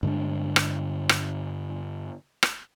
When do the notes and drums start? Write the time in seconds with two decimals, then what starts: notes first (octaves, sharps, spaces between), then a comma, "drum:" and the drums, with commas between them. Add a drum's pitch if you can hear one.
0.03 G2 D3 G#3 D4
0.56 drum: rim click
1.09 drum: rim click
2.43 drum: rim click